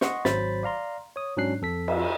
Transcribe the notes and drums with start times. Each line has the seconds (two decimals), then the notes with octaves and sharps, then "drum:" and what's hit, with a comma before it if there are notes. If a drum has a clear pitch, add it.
0.01 D#5 F#5 C6 C#6, drum: snare
0.25 G#1 F#3 C5 B5 A6 B6, drum: snare
0.63 D5 F5 A#5 C6
1.16 C#5 D#6
1.37 G#2 F#3 C#4 D4 F#6 C7
1.62 F2 A4 B6
1.88 drum: cymbal